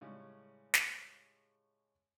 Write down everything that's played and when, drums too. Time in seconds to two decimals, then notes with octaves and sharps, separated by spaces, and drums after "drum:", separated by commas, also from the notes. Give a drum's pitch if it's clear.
0.01 A2 C#3 G3 G#3 C#4
0.74 drum: snare